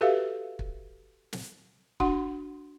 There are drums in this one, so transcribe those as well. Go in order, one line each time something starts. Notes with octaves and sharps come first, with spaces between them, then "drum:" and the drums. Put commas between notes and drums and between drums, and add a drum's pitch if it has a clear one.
F#4 G4 A4 B4 E5 F5
drum: kick
drum: snare
D4 F#4 F#5 C6, drum: kick